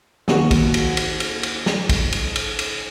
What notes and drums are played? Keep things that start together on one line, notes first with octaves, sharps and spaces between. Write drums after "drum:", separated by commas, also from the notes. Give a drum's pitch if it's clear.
D#2 F#4, drum: snare
drum: kick, cymbal
drum: cymbal
drum: cymbal
drum: cymbal
drum: cymbal
drum: snare
drum: kick, cymbal
drum: cymbal
drum: cymbal
drum: cymbal